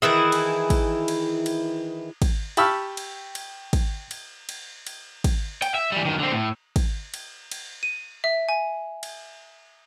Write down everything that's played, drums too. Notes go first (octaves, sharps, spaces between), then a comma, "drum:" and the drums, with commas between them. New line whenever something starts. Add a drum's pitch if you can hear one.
D#3 E3 E4 G#4
drum: cymbal
drum: kick, cymbal
drum: cymbal
drum: cymbal
drum: kick, cymbal
G4 A5 B5 C#6 E6 F6, drum: cymbal
drum: cymbal
drum: cymbal
drum: kick, cymbal
drum: cymbal
drum: cymbal
drum: cymbal
drum: kick, cymbal
G5, drum: cymbal
E5
E3 G3
F#2 D#3
D3 C4
A2
drum: kick, cymbal
drum: cymbal
drum: cymbal
D#7
E5
G#5
drum: cymbal